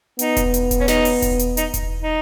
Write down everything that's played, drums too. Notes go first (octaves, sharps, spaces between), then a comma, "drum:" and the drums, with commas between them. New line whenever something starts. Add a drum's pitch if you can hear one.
B3 D#4, drum: hi-hat
drum: kick E1, hi-hat
drum: hi-hat
drum: kick E1, hi-hat
C#4
D#4, drum: snare
drum: open hi-hat
drum: kick E1, hi-hat
drum: hi-hat
D#4, drum: hi-hat
drum: kick E1, hi-hat
D#4